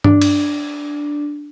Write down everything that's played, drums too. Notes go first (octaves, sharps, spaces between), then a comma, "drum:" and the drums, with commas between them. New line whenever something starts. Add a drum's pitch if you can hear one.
D4, drum: tom G2
drum: cymbal